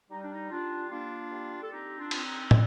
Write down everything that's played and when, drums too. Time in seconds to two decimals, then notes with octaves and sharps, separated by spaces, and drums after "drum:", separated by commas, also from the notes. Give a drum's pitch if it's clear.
0.10 G3 D#4
0.21 D4
0.32 D#4
0.51 G3 D4 F4
0.90 A#3 D4 F4
1.31 G3
1.61 A4
1.71 C4 D#4 G4
1.98 D4 F4
2.11 C4, drum: cymbal
2.24 D#4
2.51 G3, drum: tom